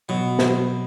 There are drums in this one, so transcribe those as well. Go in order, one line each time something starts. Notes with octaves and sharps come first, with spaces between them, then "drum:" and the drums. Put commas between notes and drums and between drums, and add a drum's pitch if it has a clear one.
B2 F#3
drum: snare